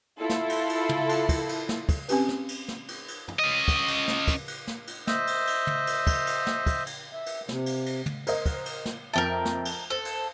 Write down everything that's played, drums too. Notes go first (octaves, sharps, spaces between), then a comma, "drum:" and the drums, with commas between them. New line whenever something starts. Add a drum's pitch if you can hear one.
E4 F4 A4
drum: snare
drum: cymbal
drum: cymbal
drum: tom
drum: cymbal
drum: kick, cymbal
drum: cymbal
drum: snare
drum: kick, cymbal
C4 C#4 G4 B4, drum: cymbal
drum: snare
drum: cymbal
drum: snare
drum: cymbal
drum: cymbal
drum: tom
C#4 D#5
drum: kick, cymbal
drum: cymbal
drum: snare
drum: kick, cymbal
drum: cymbal
drum: snare
drum: cymbal
C5 D#5 E5, drum: snare
drum: cymbal
drum: cymbal
drum: tom
drum: cymbal
drum: kick, cymbal
drum: cymbal
drum: snare
drum: kick, cymbal
drum: cymbal
E5
drum: cymbal
C3, drum: snare
drum: cymbal
drum: cymbal
drum: tom
A#4 C5 D#5, drum: cymbal
drum: kick, cymbal
drum: cymbal
drum: snare
F2 A#4 E5 G5 A5
drum: snare
drum: cymbal
A4 C5
drum: cymbal